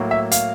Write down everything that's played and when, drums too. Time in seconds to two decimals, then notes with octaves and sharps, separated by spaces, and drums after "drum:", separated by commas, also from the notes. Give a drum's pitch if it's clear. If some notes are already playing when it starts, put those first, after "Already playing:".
Already playing: A2 F#3 A#3
0.11 E5
0.32 F5, drum: hi-hat